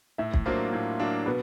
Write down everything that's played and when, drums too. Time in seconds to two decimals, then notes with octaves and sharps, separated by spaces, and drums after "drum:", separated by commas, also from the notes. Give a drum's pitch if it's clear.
0.18 A2 E5
0.34 drum: kick B1
0.46 F#3 A#3 D4 F4 C5
0.73 A2
0.99 F#3 A#3 D4 F4
1.26 B2 B4